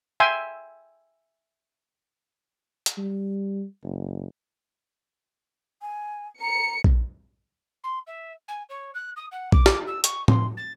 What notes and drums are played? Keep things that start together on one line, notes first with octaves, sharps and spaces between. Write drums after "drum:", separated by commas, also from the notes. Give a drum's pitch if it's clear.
E5 G5 G#5 C6
drum: hi-hat
G3
F#1
G#5
A#5 C#7
drum: kick A#1
C6
E5
G#5
C#5
F#6
D#6
F#5
D6, drum: kick A#1
drum: snare
E6
C#6, drum: hi-hat
C6, drum: tom A2
A6